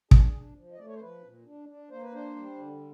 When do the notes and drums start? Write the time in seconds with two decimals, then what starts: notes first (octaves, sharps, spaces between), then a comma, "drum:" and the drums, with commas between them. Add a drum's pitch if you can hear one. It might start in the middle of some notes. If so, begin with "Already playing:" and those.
0.11 D4 G#4, drum: kick
0.33 D4
0.56 F3
0.72 D#5
0.79 A3 D5
0.87 C#5
0.93 C5
1.01 F3 B4
1.24 A#2
1.46 D4
1.69 D4
1.90 A#3 C5
2.03 B4
2.13 D4 C5
2.36 G3
2.58 D3